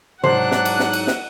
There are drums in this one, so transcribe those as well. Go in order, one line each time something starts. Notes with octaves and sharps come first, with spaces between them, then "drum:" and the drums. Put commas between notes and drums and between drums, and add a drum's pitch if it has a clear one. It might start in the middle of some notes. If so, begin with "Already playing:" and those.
G#2 F#3 D4 C5 F#5 F#6, drum: tom C3
drum: snare
drum: cymbal
drum: snare
drum: cymbal
drum: snare